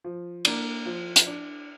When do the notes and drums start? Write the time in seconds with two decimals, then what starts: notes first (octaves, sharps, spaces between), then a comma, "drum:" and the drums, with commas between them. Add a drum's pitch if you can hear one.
0.04 F3
0.45 A#3 D4, drum: cymbal
0.86 F3
1.16 drum: hi-hat
1.26 D4